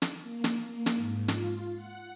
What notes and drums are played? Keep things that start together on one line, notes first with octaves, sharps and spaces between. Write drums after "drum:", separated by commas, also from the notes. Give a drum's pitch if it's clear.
drum: snare
A#3
drum: snare
A#3
drum: snare
G#2
F4, drum: snare
F#5